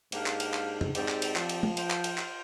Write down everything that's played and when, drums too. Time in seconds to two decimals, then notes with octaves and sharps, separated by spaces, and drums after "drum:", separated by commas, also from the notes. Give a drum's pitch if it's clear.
0.12 G#2 A#3 D4 G4 A#4 F5, drum: cymbal
0.26 drum: clap
0.40 drum: cymbal
0.54 drum: clap
0.81 drum: tom F2
0.95 G#2 C4 G4 D5 G5, drum: cymbal
1.08 drum: clap
1.22 drum: cymbal
1.36 F3, drum: clap
1.49 drum: cymbal
1.63 drum: tom G#3
1.77 F4 C5 G5, drum: cymbal
1.90 drum: clap
2.04 drum: cymbal
2.18 drum: clap